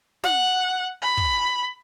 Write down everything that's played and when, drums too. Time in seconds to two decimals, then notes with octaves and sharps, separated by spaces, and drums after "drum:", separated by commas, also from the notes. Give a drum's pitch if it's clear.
0.24 F#5, drum: snare
1.02 B5
1.17 drum: kick